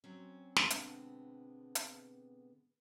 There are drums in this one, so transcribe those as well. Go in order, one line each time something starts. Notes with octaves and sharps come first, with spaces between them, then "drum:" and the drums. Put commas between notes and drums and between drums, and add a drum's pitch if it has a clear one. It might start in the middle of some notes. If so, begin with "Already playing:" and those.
F#3 C4 C#4
B2 D3 G3 G#3 B3 C4, drum: snare
drum: hi-hat
drum: hi-hat